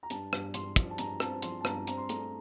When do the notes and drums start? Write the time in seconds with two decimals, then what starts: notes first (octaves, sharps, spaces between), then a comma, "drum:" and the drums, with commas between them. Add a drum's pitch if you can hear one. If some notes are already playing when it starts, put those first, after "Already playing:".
0.03 A#5
0.10 G2 A5, drum: hi-hat
0.33 G2, drum: rim click
0.54 G2 C6, drum: hi-hat
0.76 F3, drum: kick, hi-hat
0.90 A5
0.98 G2 A#5, drum: hi-hat
1.20 C4 A5, drum: rim click
1.42 F3 C6, drum: hi-hat
1.61 A5
1.65 G2 A#5, drum: rim click
1.87 C4 A#5, drum: hi-hat
1.98 C6
2.09 A3 A#5, drum: hi-hat